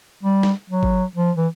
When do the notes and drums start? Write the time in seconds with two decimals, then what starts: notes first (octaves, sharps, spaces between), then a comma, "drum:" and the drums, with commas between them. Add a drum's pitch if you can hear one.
0.23 G3
0.43 drum: snare
0.70 F#3
0.83 drum: kick G1
1.16 F3
1.37 E3